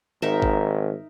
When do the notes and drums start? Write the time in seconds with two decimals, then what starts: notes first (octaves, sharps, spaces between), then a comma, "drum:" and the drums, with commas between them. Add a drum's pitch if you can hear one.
0.22 G#1 D#4 A#4 E5
0.42 drum: kick G#1